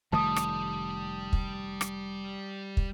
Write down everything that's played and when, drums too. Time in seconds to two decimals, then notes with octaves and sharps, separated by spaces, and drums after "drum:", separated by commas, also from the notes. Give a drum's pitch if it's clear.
0.12 F1 D#3 G3 A3 A5 D#6
0.36 drum: rim click
1.33 drum: kick
1.81 drum: rim click
2.77 drum: kick